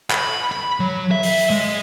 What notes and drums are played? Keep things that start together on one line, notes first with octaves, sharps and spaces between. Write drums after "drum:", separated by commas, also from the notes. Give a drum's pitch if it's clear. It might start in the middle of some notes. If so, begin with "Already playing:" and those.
B5, drum: clap
B5
F#3
E5
drum: open hi-hat
G#3